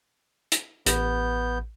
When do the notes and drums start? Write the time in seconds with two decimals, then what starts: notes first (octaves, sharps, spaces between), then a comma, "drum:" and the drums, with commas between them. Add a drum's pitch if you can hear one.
0.52 drum: hi-hat
0.86 A1 B3 G6, drum: hi-hat